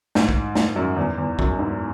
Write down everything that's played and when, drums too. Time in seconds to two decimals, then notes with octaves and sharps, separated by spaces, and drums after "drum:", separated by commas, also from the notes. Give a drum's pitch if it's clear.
0.15 G#2, drum: snare
0.29 drum: kick
0.55 G#2, drum: snare
0.76 F#2
0.96 E2
1.18 E2
1.39 F#2, drum: kick
1.59 G#2